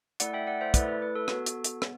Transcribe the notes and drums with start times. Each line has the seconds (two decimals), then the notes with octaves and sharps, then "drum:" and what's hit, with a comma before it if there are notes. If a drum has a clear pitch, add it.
0.20 A3 E4 A4 D5 F#5, drum: hi-hat
0.33 E5 G5
0.47 D5 F#5
0.61 C5 E5
0.74 A3 E4 A4 B4 D5, drum: kick, hi-hat
0.88 B4
1.02 B4
1.16 A4
1.28 B3 F#4 A4, drum: rim click
1.46 drum: hi-hat
1.64 drum: hi-hat
1.82 B3, drum: rim click